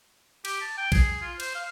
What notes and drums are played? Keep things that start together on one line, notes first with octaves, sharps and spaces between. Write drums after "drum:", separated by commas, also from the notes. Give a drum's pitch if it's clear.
G4, drum: cymbal
A5
G5
G#4, drum: kick A#1, cymbal
F4
C5, drum: cymbal
F5